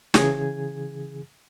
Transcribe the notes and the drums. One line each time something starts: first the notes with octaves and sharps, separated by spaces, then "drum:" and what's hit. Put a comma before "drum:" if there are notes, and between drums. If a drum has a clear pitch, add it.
C#3 E3 G#4 G#6, drum: snare